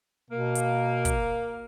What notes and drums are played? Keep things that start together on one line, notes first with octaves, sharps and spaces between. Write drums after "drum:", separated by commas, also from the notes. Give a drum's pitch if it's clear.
B2 A#3
drum: hi-hat
drum: kick, hi-hat